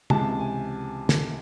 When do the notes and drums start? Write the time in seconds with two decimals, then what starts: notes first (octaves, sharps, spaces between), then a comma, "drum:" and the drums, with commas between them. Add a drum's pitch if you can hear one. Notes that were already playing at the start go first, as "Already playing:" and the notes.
0.10 C#2 C3 E3 G#3 A5, drum: tom
0.39 G#5
1.09 drum: snare